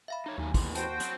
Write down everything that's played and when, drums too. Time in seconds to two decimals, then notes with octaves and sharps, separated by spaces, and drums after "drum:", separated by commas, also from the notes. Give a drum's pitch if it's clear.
0.08 E5 F5 B5
0.26 D#4 C#5
0.38 D#2 F#3 D#4 G#5
0.54 E2 A2 E3 C6, drum: kick, open hi-hat
0.75 F#4 C5 G5 A5, drum: hi-hat
1.00 F#3 C4, drum: hi-hat